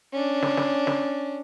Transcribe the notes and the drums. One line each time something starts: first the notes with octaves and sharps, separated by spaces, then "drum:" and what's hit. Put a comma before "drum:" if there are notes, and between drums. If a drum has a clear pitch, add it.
C#4 D4
drum: snare
drum: snare
drum: snare